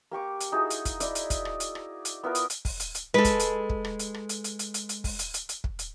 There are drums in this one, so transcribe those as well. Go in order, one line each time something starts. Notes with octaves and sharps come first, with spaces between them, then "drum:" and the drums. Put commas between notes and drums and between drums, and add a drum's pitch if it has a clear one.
A#3 G4 C#6 D6
drum: hi-hat
D#4 E4 F#4 G#4
drum: hi-hat
drum: kick, hi-hat
D#4 E4 D5, drum: hi-hat
drum: hi-hat
drum: kick, hi-hat
drum: rim click
drum: hi-hat
drum: rim click
drum: hi-hat
B3 E4 F4 A#4
drum: hi-hat
drum: hi-hat
drum: kick, open hi-hat
drum: hi-hat
drum: hi-hat
G#3 A4 B4
drum: kick, hi-hat
drum: hi-hat
drum: kick
drum: rim click
drum: hi-hat
drum: rim click
drum: hi-hat
drum: hi-hat
drum: hi-hat
drum: hi-hat
drum: hi-hat
drum: kick, open hi-hat
drum: hi-hat
drum: hi-hat
drum: hi-hat
drum: kick
drum: hi-hat